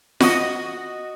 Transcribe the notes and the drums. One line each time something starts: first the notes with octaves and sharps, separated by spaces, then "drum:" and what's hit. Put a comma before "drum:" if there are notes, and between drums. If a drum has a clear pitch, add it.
F#4 D#5, drum: snare F4